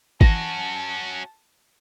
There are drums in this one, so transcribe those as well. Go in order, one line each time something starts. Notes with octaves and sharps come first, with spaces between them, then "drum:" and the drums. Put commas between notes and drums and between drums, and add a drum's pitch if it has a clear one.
E3 C#4 F#4 A5 A#6, drum: kick